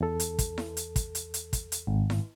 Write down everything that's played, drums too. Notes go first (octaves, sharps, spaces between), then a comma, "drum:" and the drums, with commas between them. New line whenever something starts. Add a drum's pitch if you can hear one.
E2 A4
drum: hi-hat
drum: kick, hi-hat
drum: snare E4
drum: hi-hat
drum: kick, hi-hat
drum: hi-hat
drum: hi-hat
drum: kick, hi-hat
drum: hi-hat
G#1
drum: snare E4